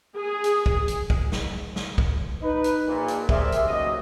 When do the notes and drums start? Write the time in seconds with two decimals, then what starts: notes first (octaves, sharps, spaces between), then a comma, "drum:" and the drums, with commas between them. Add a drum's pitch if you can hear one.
0.16 G#4
0.44 drum: hi-hat
0.66 drum: kick
0.88 drum: hi-hat
1.10 drum: kick
1.32 drum: snare
1.76 drum: snare
1.98 drum: kick
2.42 D#4 B4
2.64 drum: hi-hat
2.86 A#1 A#2
3.08 drum: hi-hat
3.29 G4 G#4 A#4 C5 D5 E5, drum: kick
3.52 drum: hi-hat
3.66 B1 C#3 F#3 A#3 D#5